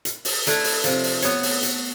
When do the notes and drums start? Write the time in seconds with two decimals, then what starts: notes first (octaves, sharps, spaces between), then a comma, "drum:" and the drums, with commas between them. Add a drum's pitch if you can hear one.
0.05 drum: hi-hat
0.25 drum: open hi-hat
0.47 A3 D4 E4, drum: hi-hat
0.64 drum: open hi-hat
0.84 C3 F3, drum: hi-hat
1.04 drum: open hi-hat
1.22 B3 C#5, drum: hi-hat
1.43 drum: open hi-hat
1.63 drum: hi-hat